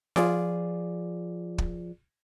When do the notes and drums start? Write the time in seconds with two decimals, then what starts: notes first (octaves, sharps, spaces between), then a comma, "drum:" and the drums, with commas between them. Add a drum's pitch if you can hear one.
0.16 F3 F4 G#4 D5, drum: snare F4
1.58 drum: kick